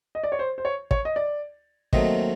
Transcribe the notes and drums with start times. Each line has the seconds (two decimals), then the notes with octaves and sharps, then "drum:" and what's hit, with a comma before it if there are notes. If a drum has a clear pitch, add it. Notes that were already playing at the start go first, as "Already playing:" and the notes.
0.15 D#5
0.24 D5
0.32 C#5
0.39 C5
0.58 C5
0.65 C#5
0.91 C#5, drum: kick
1.05 D#5
1.16 D5
1.93 D#2 D#3 F#3 A3 C4 D#5, drum: kick